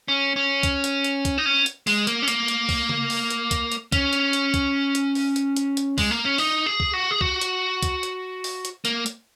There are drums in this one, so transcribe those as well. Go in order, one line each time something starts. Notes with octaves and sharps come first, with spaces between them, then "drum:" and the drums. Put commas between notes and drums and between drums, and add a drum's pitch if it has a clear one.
C#4
C#4
drum: kick, hi-hat
drum: hi-hat
drum: hi-hat
drum: kick, hi-hat
D#4
C#4
drum: hi-hat
G#3, drum: open hi-hat
A#3, drum: hi-hat
C#4
A#3, drum: hi-hat
drum: hi-hat
drum: kick, open hi-hat
drum: tom C#3
drum: open hi-hat
drum: hi-hat
drum: kick, hi-hat
drum: hi-hat
C#4, drum: kick, hi-hat
drum: hi-hat
drum: hi-hat
drum: kick, hi-hat
drum: hi-hat
drum: open hi-hat
drum: hi-hat
drum: hi-hat
drum: hi-hat
G#3, drum: kick, open hi-hat
A#3
C#4
D#4, drum: open hi-hat
G#4
drum: kick
F#4
G#4
F#4, drum: kick
drum: hi-hat
drum: kick, hi-hat
drum: hi-hat
drum: open hi-hat
drum: hi-hat
A#3, drum: hi-hat
drum: hi-hat